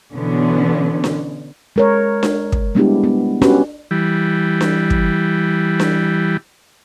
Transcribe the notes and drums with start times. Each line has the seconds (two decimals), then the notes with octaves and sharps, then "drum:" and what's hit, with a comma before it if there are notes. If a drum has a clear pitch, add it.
0.13 B2 D3 E3 B3 C#4
1.04 drum: snare D4
1.76 G#3 A#4 C#5
2.23 drum: snare D4
2.52 drum: kick
2.75 G3 G#3 B3 D4 E4 G4
3.04 B3
3.42 C#4 D4 F#4 G4 B4, drum: snare D4
3.91 E3 G3
4.61 drum: snare D4
4.90 drum: kick
5.80 drum: snare D4